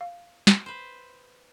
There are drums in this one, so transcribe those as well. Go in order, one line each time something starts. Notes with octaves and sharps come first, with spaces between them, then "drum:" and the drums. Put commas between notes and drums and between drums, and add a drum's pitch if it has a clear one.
F5
drum: snare
B4 C5